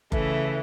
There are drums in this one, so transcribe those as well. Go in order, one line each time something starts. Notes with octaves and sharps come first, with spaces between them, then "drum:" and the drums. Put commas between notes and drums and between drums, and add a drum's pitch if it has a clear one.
C#3 E3 A3, drum: kick F#1